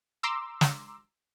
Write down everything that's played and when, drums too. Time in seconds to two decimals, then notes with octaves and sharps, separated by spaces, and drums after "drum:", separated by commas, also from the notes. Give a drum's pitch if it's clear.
0.23 A#5 C6 D6 E6
0.61 drum: snare